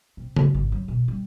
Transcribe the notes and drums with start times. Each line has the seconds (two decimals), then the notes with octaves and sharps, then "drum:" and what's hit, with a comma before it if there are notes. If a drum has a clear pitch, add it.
0.17 C3
0.36 F#2, drum: tom C#3
0.54 G#1
0.72 F#3
0.88 B2
1.08 G3